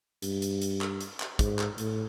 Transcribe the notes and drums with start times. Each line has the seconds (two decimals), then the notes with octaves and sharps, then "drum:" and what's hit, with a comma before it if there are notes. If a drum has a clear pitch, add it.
0.22 G2, drum: hi-hat
0.42 drum: hi-hat
0.62 drum: hi-hat
0.81 drum: clap
1.01 drum: hi-hat
1.20 drum: clap
1.39 G#2, drum: kick, hi-hat
1.59 drum: clap
1.78 A2, drum: hi-hat